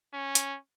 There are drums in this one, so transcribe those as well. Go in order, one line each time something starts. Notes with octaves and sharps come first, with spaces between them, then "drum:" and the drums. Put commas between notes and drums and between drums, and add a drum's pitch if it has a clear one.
C#4
drum: hi-hat